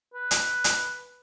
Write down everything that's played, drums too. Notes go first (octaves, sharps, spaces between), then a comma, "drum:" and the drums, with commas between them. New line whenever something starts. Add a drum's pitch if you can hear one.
B4
drum: hi-hat
drum: hi-hat